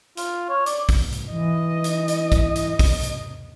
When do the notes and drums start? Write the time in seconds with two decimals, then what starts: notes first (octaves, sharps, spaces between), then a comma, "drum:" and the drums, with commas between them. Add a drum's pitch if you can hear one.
0.17 F4, drum: hi-hat
0.49 C#5
0.66 D5, drum: hi-hat
0.89 drum: kick, open hi-hat
1.13 drum: hi-hat
1.31 E3 D#5
1.84 drum: hi-hat
2.08 drum: hi-hat
2.32 drum: kick, hi-hat
2.56 drum: hi-hat
2.79 drum: kick, open hi-hat
3.03 drum: hi-hat